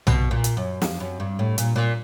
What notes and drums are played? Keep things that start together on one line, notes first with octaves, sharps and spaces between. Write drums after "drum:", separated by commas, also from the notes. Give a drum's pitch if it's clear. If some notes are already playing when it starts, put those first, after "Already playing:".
B2, drum: tom
A#2
drum: hi-hat
F#2
F2, drum: snare
F#2
G2
A2
A#2, drum: hi-hat
A#2